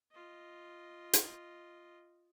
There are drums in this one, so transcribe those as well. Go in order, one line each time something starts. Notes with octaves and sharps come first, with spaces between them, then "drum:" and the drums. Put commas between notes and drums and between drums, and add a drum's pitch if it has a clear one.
F4 D#5
drum: hi-hat